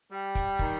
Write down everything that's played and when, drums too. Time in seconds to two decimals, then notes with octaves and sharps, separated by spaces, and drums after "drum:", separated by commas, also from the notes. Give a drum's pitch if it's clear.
0.12 G3
0.35 drum: kick, hi-hat
0.59 D#3, drum: kick